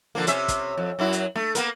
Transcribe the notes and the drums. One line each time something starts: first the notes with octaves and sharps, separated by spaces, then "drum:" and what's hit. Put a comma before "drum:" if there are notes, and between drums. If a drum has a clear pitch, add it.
D3 F3 A#3
C3 C#4 E5, drum: hi-hat
drum: kick, hi-hat
F2
F#2 F#3 E4
drum: hi-hat
A3, drum: snare
A#3 B3 A#4, drum: hi-hat